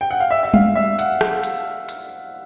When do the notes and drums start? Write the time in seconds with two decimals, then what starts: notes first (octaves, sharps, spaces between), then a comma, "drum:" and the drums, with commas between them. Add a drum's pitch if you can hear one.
0.01 G5
0.11 F#5
0.20 F5
0.31 E5
0.43 E5
0.54 F5, drum: tom G3
0.76 E5
0.99 F#5, drum: hi-hat
1.21 drum: rim click
1.43 drum: hi-hat
1.89 drum: hi-hat